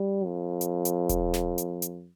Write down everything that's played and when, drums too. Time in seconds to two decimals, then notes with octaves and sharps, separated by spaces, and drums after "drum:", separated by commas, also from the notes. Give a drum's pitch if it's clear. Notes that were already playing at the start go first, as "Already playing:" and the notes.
Already playing: G3
0.25 F2
0.61 drum: hi-hat
0.85 drum: hi-hat
1.09 drum: kick E1, hi-hat
1.34 drum: snare
1.58 drum: hi-hat
1.82 drum: hi-hat